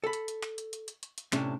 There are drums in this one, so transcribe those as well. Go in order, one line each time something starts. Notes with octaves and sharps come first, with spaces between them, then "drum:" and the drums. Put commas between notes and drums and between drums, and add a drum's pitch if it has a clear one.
A4 B5
drum: hi-hat
drum: hi-hat
drum: clap
drum: hi-hat
drum: hi-hat
drum: hi-hat
drum: hi-hat
drum: hi-hat
A2 C3 C#4 D4, drum: clap